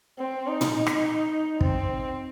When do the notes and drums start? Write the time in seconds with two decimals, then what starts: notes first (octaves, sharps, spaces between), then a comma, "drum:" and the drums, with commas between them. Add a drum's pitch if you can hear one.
0.19 C4
0.47 D#4
0.61 drum: tom
0.87 drum: rim click
1.61 C4, drum: kick